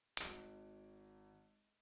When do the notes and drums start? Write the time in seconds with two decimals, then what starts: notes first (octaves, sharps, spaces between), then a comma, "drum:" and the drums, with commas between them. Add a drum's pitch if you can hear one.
0.17 G#1 D7, drum: hi-hat